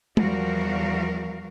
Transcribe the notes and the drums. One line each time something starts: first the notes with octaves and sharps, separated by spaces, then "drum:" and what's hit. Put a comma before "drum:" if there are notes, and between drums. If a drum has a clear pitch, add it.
E2 F3 G3 F#4 A#4 F5, drum: tom G#3